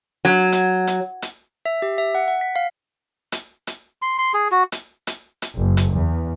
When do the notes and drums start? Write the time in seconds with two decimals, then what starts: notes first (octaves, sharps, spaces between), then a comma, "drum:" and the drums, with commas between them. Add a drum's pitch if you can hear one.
0.25 F#3
0.52 drum: hi-hat
0.87 drum: hi-hat
1.22 drum: hi-hat
1.66 E5
1.82 G4
1.98 E5
2.15 F#5
2.28 F#5
2.41 B6
2.56 F5
3.32 drum: hi-hat
3.67 drum: hi-hat
4.02 C6
4.18 C6
4.34 G#4
4.52 F#4
4.72 drum: hi-hat
5.07 drum: hi-hat
5.42 drum: hi-hat
5.57 F#1
5.77 drum: hi-hat
5.93 E2